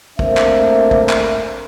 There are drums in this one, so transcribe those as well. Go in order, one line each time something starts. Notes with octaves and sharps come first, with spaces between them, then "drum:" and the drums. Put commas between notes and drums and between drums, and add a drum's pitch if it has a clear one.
A3 A#3 C4 D4 C5 E5, drum: kick
drum: clap
drum: kick
drum: clap